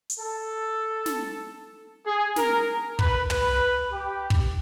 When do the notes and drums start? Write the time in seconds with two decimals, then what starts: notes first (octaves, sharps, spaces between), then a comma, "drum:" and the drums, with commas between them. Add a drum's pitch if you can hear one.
0.10 drum: hi-hat
0.19 A4
1.06 drum: snare
2.05 G#4
2.36 A#4, drum: snare
2.99 B4, drum: kick
3.30 B4, drum: tom
3.92 G4
4.30 drum: kick